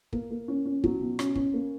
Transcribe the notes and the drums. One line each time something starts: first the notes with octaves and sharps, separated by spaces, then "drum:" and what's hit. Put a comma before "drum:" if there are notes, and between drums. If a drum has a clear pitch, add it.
A#3, drum: kick
A#3
C#4
C#4
F#3, drum: kick
B2
C#4, drum: rim click
C#4, drum: kick
A#3